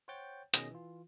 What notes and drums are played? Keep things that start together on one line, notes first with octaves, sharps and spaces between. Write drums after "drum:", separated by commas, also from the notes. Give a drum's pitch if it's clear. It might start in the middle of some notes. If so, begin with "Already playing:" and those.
C5 C#5 F#5 G5 G6 A6
B2 D#3 C#4 G#4 D#5 A#6, drum: hi-hat
E3 F4